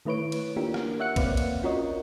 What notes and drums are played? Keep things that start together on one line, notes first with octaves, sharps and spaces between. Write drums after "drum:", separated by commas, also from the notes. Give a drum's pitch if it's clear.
D#3 A3 E4 B4 C#5 D7
drum: cymbal
A#3 D4 F4 G4 A#4
drum: rim click
C#5 E5 F#5 F#6 C#7
A#3 C4 B4 C5 D5 F5, drum: kick, cymbal
drum: cymbal
C#4 F4 F#4 A#4 C#5 D#5